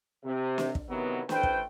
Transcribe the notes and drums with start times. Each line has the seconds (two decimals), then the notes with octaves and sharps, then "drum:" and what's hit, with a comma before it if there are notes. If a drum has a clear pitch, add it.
0.24 C3
0.58 drum: snare
0.75 drum: kick
0.89 C3 D#3 E3 F#3 B3
1.29 A1 A3 B4 C5 G5, drum: snare
1.43 drum: kick